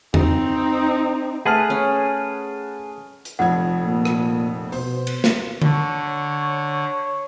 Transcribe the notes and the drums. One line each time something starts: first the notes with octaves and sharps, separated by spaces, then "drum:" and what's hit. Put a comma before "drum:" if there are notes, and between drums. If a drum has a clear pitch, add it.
C4 D#4, drum: tom E2
A3 G#4 B4 F#5 A5 F6
C#4
drum: hi-hat
F1 F2 F#5 G#6
A#2
drum: rim click
B2 C5, drum: open hi-hat
drum: cymbal
drum: snare
D3 C#5, drum: tom D3